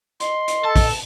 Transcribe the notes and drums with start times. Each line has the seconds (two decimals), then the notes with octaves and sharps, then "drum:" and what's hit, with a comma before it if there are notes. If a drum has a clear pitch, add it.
0.20 D#5 C6, drum: hi-hat
0.48 drum: hi-hat
0.65 A4 A5
0.76 drum: kick, open hi-hat